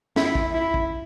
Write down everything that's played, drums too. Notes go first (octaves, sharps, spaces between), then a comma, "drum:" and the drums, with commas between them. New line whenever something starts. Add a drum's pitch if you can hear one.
E4, drum: snare
drum: kick
E4
drum: kick